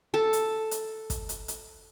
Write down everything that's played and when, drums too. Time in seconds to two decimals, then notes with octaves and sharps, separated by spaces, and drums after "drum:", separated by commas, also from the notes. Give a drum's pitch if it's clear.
0.14 A4 A5
0.33 drum: hi-hat
0.71 drum: hi-hat
1.10 drum: kick, hi-hat
1.29 drum: hi-hat
1.48 drum: hi-hat